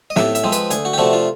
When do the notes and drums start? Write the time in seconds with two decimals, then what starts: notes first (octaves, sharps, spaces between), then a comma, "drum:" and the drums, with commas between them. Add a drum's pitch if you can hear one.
0.10 D#5
0.16 A2 E5, drum: snare
0.35 E5, drum: hi-hat
0.44 F3 G#3 C4
0.52 B4, drum: hi-hat
0.70 D2 G#4, drum: hi-hat
0.85 F#4
0.93 G4
0.98 C3 F3 A3 D4 F#4
1.13 F4